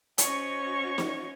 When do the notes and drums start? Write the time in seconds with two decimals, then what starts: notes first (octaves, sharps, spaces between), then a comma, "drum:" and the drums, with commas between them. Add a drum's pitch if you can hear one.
0.18 C#4 F#4 C5 C#5 D#5 C#6, drum: hi-hat
0.98 drum: snare